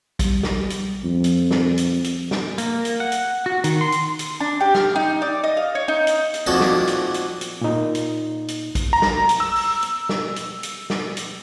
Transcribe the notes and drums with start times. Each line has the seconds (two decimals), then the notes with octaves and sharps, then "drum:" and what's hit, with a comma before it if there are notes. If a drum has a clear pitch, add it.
0.19 G3, drum: kick, hi-hat
0.43 drum: snare
0.70 drum: hi-hat
1.04 F2
1.24 drum: hi-hat
1.51 drum: snare
1.78 drum: hi-hat
2.04 drum: hi-hat
2.31 drum: snare
2.58 A#3, drum: hi-hat
2.85 drum: hi-hat
3.00 F#5
3.12 drum: hi-hat
3.46 F#4
3.64 D#3, drum: hi-hat
3.81 C6
3.92 drum: hi-hat
4.19 drum: hi-hat
4.40 D4
4.61 G4
4.74 F6, drum: snare
4.96 D#4
5.22 D5
5.44 D#5
5.57 F5
5.75 C#5
5.88 D#4
6.07 drum: hi-hat
6.34 drum: hi-hat
6.46 F2 A#2 D#3 F#4 D5 A5
6.61 drum: snare
6.87 drum: hi-hat
7.14 drum: hi-hat
7.41 drum: hi-hat
7.61 A#2 D#4
7.95 drum: hi-hat
8.48 drum: hi-hat
8.75 drum: kick, hi-hat
8.93 A#5
9.02 drum: snare
9.29 drum: hi-hat
9.40 E6
9.56 drum: open hi-hat
9.83 drum: hi-hat
10.09 drum: snare
10.36 drum: hi-hat
10.63 drum: hi-hat
10.90 drum: snare
11.17 drum: hi-hat